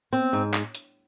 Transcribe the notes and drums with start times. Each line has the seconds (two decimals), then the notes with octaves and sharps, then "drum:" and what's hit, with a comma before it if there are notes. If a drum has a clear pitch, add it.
0.13 C4
0.33 G#2
0.54 drum: clap
0.75 drum: hi-hat